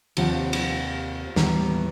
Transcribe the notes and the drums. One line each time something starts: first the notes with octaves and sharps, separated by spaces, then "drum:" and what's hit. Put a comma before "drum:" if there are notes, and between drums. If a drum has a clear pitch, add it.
D#2 C3 F3 C4 F5 F#5, drum: cymbal
drum: cymbal
D#2 A2 E3 G3 B3 A#5, drum: snare